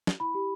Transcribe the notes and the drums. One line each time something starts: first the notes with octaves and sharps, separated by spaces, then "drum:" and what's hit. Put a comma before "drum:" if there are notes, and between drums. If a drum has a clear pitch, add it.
drum: snare
E4 B5
G4